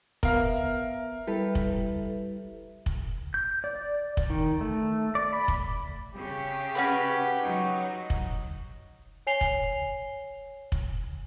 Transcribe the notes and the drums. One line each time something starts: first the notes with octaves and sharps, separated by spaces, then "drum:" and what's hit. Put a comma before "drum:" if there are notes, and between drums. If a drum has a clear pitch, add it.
B3 A#4 E5 F5, drum: kick
G3 E4 G4 A4 B4
drum: kick
drum: kick
G6
D5
drum: kick
D#3
A3
D5
B5
drum: kick
C#3 G4
C#4 F#4 B4
F#3 D#4
drum: kick
C#5 G#5 C7 F7 G7
drum: kick
drum: kick